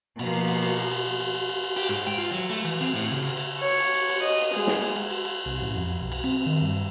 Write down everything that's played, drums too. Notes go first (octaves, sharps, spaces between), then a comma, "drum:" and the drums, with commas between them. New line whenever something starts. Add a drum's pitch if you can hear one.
B2 F3 A#3, drum: cymbal
drum: cymbal
drum: cymbal
drum: cymbal
drum: cymbal
drum: cymbal
drum: cymbal
drum: cymbal
drum: cymbal
drum: cymbal
drum: cymbal
G4, drum: cymbal
G#2
G5, drum: cymbal
F4
F#3
A3, drum: cymbal
E3, drum: cymbal
C4, drum: cymbal
A2, drum: cymbal
C#3
drum: cymbal
drum: cymbal
C#5
drum: cymbal
drum: cymbal
drum: cymbal
D#5, drum: cymbal
drum: cymbal
G#3, drum: cymbal
drum: snare
drum: cymbal
drum: cymbal
drum: cymbal
drum: cymbal
C2
A1
F2
B1
drum: cymbal
C4, drum: cymbal
D#3
G2